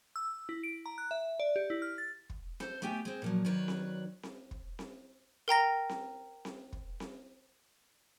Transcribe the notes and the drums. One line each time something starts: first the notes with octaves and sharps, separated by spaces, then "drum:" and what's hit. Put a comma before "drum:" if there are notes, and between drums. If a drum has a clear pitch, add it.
E6
E4
D7
A#5
F#6
E5
D5
G4
E4
F6
A6
drum: kick
A4 C5, drum: snare C4
A3 B3 G4 G5 G#5
G#3 C4
A#2 F3 F#3
D#3 F#3 B4 C#5 D5
drum: snare C4
drum: snare C4
drum: kick
drum: snare C4
A#4 G5 A#5 A#6
drum: snare C4
drum: snare C4
drum: kick
drum: snare C4